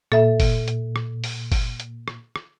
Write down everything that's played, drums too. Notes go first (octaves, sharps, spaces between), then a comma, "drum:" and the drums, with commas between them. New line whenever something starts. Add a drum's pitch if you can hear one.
A#2 A4 E5, drum: rim click
drum: kick F#1, open hi-hat
drum: hi-hat
drum: rim click
drum: open hi-hat
drum: kick F#1, open hi-hat
drum: hi-hat
drum: rim click
drum: rim click